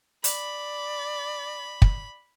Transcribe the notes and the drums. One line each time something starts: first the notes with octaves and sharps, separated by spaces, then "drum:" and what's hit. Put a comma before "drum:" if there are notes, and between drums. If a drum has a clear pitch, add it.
D5 B5, drum: hi-hat
drum: kick